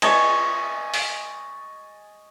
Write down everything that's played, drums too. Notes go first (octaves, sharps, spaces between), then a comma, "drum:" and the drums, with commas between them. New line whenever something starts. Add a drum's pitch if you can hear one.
D#5 G#5 A5 C#6, drum: cymbal
drum: open hi-hat